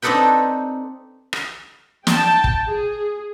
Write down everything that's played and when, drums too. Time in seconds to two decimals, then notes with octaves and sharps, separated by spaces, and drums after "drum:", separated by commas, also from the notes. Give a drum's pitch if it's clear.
0.02 C4 D4 D#4 A4 B4 G5
1.33 drum: rim click
2.07 G5 A5, drum: snare
2.44 drum: kick
2.68 G#4